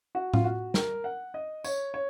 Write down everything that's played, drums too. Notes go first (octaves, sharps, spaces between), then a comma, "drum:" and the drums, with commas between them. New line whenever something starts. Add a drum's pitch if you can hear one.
F#4
F4, drum: tom A2
F#4
A#4, drum: snare
F#5
D#5
C#5, drum: tambourine
C#5